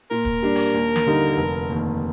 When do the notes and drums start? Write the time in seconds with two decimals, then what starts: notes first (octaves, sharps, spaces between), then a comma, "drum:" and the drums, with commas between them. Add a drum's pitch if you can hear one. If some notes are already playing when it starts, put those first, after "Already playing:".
0.10 A#2 A#4
0.25 drum: kick
0.43 G3 D4
0.56 drum: open hi-hat
0.74 D#2
0.96 drum: snare
1.06 D3 G3 A#3 D#4
1.37 F1
1.69 D#2 D#3